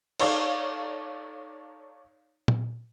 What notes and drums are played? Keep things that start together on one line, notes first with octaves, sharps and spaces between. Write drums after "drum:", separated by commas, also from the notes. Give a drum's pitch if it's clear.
D#4 A4 C#5 D5 F5, drum: cymbal
drum: tom A#2